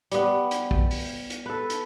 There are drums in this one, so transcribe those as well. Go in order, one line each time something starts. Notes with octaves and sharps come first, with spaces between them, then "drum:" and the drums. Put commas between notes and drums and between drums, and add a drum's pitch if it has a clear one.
G3 B3, drum: hi-hat
drum: hi-hat
drum: kick
drum: open hi-hat
drum: hi-hat
A4 B4
drum: hi-hat